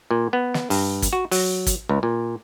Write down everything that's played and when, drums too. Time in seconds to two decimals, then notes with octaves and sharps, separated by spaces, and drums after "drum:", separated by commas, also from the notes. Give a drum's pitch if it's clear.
0.11 A#2
0.33 B3
0.54 drum: snare
0.70 G2, drum: open hi-hat
1.02 drum: kick, hi-hat
1.13 F#4
1.31 F#3, drum: open hi-hat
1.67 drum: kick, hi-hat
1.89 C#2
2.03 A#2